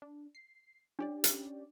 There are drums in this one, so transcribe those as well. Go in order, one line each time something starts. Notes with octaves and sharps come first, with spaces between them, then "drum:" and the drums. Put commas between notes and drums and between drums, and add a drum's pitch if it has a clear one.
D4
C7
C#4 D4 G4 D5
drum: hi-hat